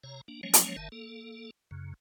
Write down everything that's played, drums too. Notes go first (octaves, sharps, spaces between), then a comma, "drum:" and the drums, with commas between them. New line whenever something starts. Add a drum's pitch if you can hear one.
C3 C#5 A#5
A#3 D4
F3 F#3 G#3 A#3 C#4 C#5
drum: hi-hat
F#1 D#3 E5 A5
A#3 A4
F#2 C#3